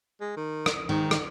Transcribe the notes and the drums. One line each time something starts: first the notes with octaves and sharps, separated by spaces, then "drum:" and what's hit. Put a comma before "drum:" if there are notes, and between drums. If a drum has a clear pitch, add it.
G#3
D#3
drum: rim click
G#2 D#3
drum: rim click